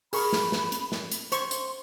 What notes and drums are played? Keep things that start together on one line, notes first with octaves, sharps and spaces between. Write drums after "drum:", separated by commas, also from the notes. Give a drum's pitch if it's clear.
G#4 A#4 B5 C#6, drum: open hi-hat
drum: snare
drum: snare
drum: hi-hat
drum: snare
drum: hi-hat
C5 C6 C#6, drum: hi-hat
drum: hi-hat